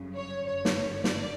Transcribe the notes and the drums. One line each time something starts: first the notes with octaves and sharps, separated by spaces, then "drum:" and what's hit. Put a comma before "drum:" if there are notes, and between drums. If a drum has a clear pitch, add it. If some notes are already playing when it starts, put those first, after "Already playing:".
Already playing: G1 F#2 C#3
C#5
G1 F#2 C#3 C#5
drum: snare
D5, drum: snare